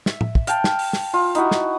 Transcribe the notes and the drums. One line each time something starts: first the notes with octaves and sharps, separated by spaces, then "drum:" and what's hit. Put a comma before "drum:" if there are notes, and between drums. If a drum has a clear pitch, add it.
E5, drum: snare
drum: tom
drum: kick
F5 G5 A5, drum: hi-hat
drum: snare
drum: open hi-hat
drum: snare
F4
D#4 E4 F#4, drum: hi-hat
drum: snare